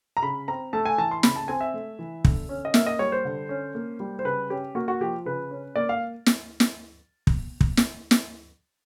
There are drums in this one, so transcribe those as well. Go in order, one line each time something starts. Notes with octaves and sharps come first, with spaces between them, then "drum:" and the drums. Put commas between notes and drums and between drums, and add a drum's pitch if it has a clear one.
A#5
C#3 B5
C4 A#5
A3 A5
G#5
E3 A5
C6
C#3 B5, drum: snare
A5
C4 G#5
E5
A3
E3
D3, drum: kick
C#4
D#5
A#3 E5, drum: snare
D#5
G3 C#5
C5
D3
C#4
A#3
G3
C5
C#3 B4
C#4 G4
A#3 F#4
F#4
F3 G4
C#3 B4
C#4
A#3 D5
F5
drum: snare
drum: snare
drum: kick
drum: kick
drum: snare
drum: snare